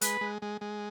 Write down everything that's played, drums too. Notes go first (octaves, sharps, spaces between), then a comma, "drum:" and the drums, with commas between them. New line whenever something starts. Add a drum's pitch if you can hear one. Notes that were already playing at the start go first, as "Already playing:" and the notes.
G#3 B4, drum: hi-hat
G#3
G#3
G#3